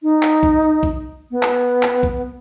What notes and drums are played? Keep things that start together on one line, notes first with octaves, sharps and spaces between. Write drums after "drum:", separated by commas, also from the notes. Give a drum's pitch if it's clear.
D#4
drum: clap
drum: kick A#1
drum: kick A#1
B3
drum: clap
drum: clap
drum: kick A#1